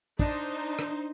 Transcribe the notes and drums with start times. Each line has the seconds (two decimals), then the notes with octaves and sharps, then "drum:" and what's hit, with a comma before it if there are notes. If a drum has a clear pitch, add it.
0.19 D4 D#4 C5, drum: kick
0.79 drum: rim click